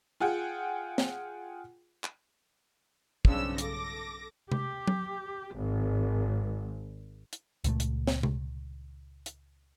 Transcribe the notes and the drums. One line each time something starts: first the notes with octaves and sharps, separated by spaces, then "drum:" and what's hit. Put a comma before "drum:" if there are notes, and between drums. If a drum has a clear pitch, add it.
F4 G#4 F#5 G5
drum: snare
drum: clap
B1 G2 C#3 C4 D4 E6, drum: kick
A4 D6 A#6, drum: hi-hat
G4, drum: tom C3
drum: tom F#3
G#1
drum: hi-hat
C#2 A#2 A3, drum: hi-hat
drum: hi-hat
drum: snare
drum: tom C3
drum: hi-hat